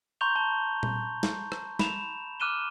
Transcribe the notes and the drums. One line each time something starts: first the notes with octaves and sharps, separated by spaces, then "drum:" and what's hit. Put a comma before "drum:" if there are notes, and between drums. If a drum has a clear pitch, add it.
A#5 C6 C#6 G6 F7 G7
A5 G7
drum: tom A#2
drum: snare
drum: rim click
B5 E7 F7, drum: snare
D6 F6 F#6 D#7 E7 G7